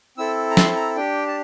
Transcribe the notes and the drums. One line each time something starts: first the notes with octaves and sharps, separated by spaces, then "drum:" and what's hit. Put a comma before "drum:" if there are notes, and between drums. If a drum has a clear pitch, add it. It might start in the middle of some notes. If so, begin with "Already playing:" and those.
C4 E4 A4 E6
A#5
C6, drum: snare
A#5
D4 G4 G5
A5